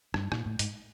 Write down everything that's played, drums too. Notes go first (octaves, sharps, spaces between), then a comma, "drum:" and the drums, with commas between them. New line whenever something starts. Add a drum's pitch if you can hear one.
G2, drum: rim click
A#2, drum: rim click
A2
G#2, drum: hi-hat